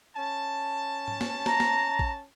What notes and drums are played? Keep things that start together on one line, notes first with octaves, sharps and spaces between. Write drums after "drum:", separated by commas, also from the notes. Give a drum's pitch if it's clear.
C#4 A5
drum: tom G#2
drum: snare
A#5, drum: snare
drum: snare
drum: kick A1